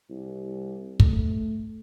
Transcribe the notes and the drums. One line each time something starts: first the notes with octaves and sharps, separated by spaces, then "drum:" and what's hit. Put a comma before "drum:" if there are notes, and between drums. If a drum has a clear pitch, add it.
C2
A3, drum: kick